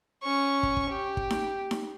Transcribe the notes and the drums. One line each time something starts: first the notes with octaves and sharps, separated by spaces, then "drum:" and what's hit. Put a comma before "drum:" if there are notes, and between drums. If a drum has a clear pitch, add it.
C#4 C#6
drum: kick
drum: kick
G4
drum: kick
drum: snare D#4
drum: snare D#4